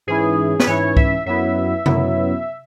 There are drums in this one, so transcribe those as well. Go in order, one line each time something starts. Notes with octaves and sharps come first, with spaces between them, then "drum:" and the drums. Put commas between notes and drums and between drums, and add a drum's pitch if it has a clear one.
G#2 E3 C#4 E4 G#4
B4, drum: snare
G#2 E3 C#4 E4 C#5
E5, drum: kick
F#2 F#3 B3 E4 E5
F#2 F#3 B3 E4, drum: tom C3